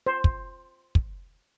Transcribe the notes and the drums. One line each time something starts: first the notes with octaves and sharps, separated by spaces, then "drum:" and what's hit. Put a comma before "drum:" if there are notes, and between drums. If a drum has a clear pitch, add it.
C5
drum: kick
drum: kick